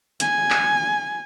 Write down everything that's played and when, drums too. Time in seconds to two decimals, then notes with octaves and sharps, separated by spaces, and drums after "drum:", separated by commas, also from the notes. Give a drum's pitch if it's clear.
0.20 G#5, drum: hi-hat
0.50 drum: clap